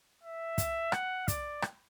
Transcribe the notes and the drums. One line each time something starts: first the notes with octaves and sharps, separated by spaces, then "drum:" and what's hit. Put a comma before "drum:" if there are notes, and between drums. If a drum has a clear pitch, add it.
E5
drum: kick, hi-hat
F#5, drum: rim click
D5, drum: kick, hi-hat
drum: rim click